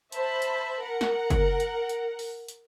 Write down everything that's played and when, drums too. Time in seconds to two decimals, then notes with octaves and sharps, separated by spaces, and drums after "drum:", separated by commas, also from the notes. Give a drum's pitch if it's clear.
0.12 C5 E5 A5 B5, drum: hi-hat
0.42 drum: hi-hat
0.80 A#4 F#5
1.01 drum: snare
1.30 drum: kick, hi-hat
1.60 drum: hi-hat
1.89 drum: hi-hat
2.19 drum: open hi-hat
2.48 drum: hi-hat